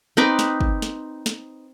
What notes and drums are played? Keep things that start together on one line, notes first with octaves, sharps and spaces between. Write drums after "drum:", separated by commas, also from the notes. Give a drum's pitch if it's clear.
C4 D#4 B4 D6
drum: snare
drum: kick
drum: snare
drum: snare